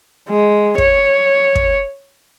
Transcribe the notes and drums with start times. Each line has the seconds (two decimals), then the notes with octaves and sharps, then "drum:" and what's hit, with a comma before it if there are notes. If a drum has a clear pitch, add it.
0.29 G#3
0.78 C#5, drum: kick
1.55 drum: kick